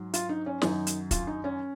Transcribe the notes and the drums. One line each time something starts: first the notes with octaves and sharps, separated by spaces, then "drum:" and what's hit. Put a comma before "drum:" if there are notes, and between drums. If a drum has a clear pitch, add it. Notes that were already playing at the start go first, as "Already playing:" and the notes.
Already playing: G#2 F#3
F4, drum: hi-hat
D#4
C#4
F#2 D#3 F#3 D#4, drum: snare
drum: hi-hat
F4, drum: kick, hi-hat
D#4
C#4